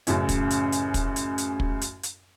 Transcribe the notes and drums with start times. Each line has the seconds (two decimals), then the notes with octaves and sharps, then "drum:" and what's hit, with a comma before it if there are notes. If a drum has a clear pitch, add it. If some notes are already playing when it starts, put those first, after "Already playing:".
0.07 A1 F#2 C#3 C#4, drum: hi-hat
0.29 drum: kick, hi-hat
0.50 drum: hi-hat
0.72 drum: hi-hat
0.94 drum: kick, hi-hat
1.16 drum: hi-hat
1.38 drum: hi-hat
1.60 drum: kick
1.81 drum: hi-hat
2.03 drum: hi-hat